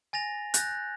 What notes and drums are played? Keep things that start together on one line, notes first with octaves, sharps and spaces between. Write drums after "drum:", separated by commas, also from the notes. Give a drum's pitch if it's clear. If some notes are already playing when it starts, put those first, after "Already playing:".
G#5 A6 A#6 F7
F#6 G6 A6 A#6, drum: hi-hat